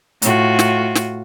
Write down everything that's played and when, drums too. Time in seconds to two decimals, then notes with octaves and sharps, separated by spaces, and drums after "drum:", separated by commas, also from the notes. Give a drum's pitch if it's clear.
0.22 A2 F4 F#4, drum: hi-hat
0.59 drum: snare
0.95 drum: snare